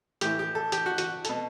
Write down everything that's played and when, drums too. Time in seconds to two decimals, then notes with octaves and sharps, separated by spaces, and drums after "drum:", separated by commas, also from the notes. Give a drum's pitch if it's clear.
0.21 A2 E3 G4, drum: hi-hat
0.39 G4
0.55 A4
0.72 G4, drum: hi-hat
0.86 F#4
0.98 F#4, drum: hi-hat
1.25 B2 A4, drum: hi-hat